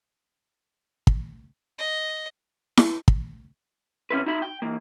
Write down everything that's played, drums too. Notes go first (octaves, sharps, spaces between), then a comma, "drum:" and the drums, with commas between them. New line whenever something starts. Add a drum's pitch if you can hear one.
drum: kick
D#5
drum: snare E4
drum: kick
C3 C#4 E4 B4
D#4 F#4 E5 B5
G5
E3 A#3